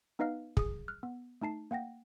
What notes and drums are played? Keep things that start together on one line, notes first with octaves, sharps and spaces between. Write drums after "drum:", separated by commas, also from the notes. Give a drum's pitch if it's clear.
B3 D#4 B4 D#5 F5 F6
G#4 D#6, drum: kick
F6 F#6
B3
A3 D#4 A5 C7
A#3 F#5 G5 A#6